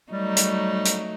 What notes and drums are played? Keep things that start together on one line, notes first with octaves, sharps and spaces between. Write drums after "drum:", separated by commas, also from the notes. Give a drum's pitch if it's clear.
F#3 G3 A3 D#4
drum: hi-hat
drum: hi-hat